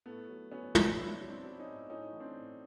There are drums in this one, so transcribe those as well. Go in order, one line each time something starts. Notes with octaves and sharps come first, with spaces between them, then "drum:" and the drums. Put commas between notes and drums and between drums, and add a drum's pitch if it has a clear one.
A2 A3 B3
F#3
F#3 B3 C#4
B1, drum: tom
F#3 D4 E4
F#3
C4 D4
F#3
C#4 D#4
A2
A2 C#4 D#4
A1
C4 D4
A2